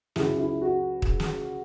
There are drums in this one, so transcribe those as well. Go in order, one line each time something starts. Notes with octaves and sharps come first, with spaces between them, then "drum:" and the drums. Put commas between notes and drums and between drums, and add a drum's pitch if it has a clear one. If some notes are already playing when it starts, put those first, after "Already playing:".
C#2 C#3 F#3 C#4 E4, drum: snare
E4
F#4
drum: kick
drum: snare